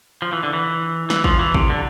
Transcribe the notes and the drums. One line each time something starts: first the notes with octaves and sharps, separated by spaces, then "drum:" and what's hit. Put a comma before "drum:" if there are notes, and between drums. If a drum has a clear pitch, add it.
F3
E3
D3
E3
E3, drum: snare
F3, drum: kick
E3
C3, drum: kick
D3